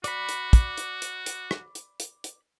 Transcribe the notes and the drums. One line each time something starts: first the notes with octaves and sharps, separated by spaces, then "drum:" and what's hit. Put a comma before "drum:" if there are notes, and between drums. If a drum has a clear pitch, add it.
F#4 D5 B5, drum: hi-hat
drum: hi-hat
drum: kick, hi-hat
drum: hi-hat
drum: hi-hat
drum: hi-hat
drum: rim click
drum: hi-hat
drum: hi-hat
drum: hi-hat